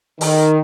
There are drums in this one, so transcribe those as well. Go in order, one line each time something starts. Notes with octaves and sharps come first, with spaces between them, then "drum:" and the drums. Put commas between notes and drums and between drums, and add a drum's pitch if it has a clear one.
D#3, drum: open hi-hat